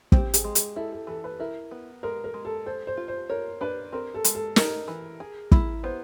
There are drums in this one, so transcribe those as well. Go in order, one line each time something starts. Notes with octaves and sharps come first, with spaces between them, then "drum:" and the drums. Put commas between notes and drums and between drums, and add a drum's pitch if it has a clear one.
C4 G4, drum: kick
G#4, drum: hi-hat
G#3
G#4, drum: hi-hat
E4 A4
A4
E3 A4
B4
E4 A#4
B3
G#3 A#4
A#4
G#3
A4
A4 C5
C5
F4
C5
A#4 C#5
D4 B4
C4 A#4
A4
G#3, drum: hi-hat
A4
D#4 A#4, drum: snare
E3
G#4
E4, drum: kick
B3 C5